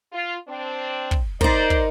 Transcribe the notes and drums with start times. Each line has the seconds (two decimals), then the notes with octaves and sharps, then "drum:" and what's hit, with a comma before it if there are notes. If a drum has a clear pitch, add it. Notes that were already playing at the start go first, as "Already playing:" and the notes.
0.12 F4
0.48 C4 D4
1.11 drum: kick
1.41 D#4 A#4 C5 D5, drum: kick
1.70 drum: kick